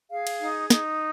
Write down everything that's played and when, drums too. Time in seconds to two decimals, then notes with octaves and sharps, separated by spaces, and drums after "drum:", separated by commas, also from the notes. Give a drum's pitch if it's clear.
0.10 G#4 F5
0.27 drum: cymbal
0.40 D#4
0.70 D#4, drum: snare